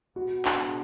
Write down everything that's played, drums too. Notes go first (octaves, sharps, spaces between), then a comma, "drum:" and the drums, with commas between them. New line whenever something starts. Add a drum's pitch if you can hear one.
B2 G#3 B3 F#4
D4, drum: clap